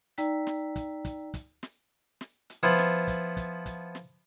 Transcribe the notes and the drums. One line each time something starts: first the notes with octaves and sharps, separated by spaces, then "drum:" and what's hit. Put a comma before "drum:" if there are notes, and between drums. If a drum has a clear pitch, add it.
D#4 D5 G5 A#5 E6 B6, drum: hi-hat
drum: snare
drum: kick, hi-hat
drum: kick, hi-hat
drum: kick, hi-hat
drum: snare
drum: snare
drum: hi-hat
F3 B3 E4
drum: snare
drum: kick, hi-hat
drum: kick, hi-hat
drum: kick, hi-hat
drum: snare